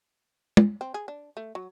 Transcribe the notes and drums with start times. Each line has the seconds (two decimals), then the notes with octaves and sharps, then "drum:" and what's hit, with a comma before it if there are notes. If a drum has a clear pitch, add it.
0.57 drum: tom
0.81 C4
0.94 G#4
1.08 D4
1.37 A3
1.55 F#3